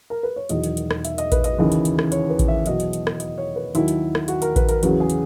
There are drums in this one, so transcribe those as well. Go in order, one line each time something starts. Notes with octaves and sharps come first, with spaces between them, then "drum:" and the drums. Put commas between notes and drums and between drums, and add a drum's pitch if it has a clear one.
A#4
B4
C#5
E1 E2 D#3 F#3 D#5, drum: hi-hat
drum: hi-hat
drum: hi-hat
drum: rim click
E5, drum: hi-hat
D#5, drum: hi-hat
B4, drum: kick A1, hi-hat
D#5, drum: hi-hat
D#2 C#3 E3
drum: hi-hat
drum: hi-hat
drum: rim click
C#5, drum: hi-hat
B4
drum: kick A1, hi-hat
E5
E2 B2 F#3 D#5, drum: hi-hat
drum: hi-hat
drum: hi-hat
drum: rim click
D#5, drum: hi-hat
C#5
B4
D#2 D#3 F#3 E4, drum: hi-hat
drum: hi-hat
drum: rim click
F#4, drum: hi-hat
A#4, drum: hi-hat
B4, drum: kick A1, hi-hat
A#4, drum: hi-hat
E2 C#3 F#3 B4, drum: hi-hat
G#4
drum: hi-hat